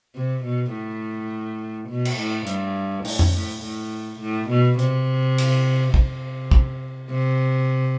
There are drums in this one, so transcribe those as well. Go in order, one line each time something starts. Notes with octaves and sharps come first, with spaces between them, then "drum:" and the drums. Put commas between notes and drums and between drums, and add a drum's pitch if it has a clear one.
C3
B2
A2
B2
drum: cymbal
A2
G2, drum: hi-hat
A2, drum: open hi-hat
drum: tom F2
A2
A2
A2
B2
C3, drum: hi-hat
drum: cymbal
C3, drum: kick
drum: kick
C3